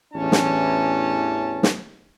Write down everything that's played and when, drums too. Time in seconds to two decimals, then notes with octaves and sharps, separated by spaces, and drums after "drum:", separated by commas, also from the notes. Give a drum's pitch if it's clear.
0.13 A1 E2 E3 C#4 D4 A5
0.32 drum: snare
1.63 drum: snare